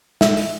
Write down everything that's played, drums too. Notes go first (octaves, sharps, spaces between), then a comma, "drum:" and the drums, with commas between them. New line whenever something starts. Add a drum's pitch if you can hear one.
E5, drum: snare
drum: open hi-hat